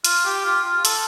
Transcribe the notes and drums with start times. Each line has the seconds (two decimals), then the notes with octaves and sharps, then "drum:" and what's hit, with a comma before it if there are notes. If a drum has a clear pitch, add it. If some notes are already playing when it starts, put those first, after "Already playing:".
0.04 F4, drum: hi-hat
0.25 G4
0.45 F4
0.64 F4
0.85 A4, drum: hi-hat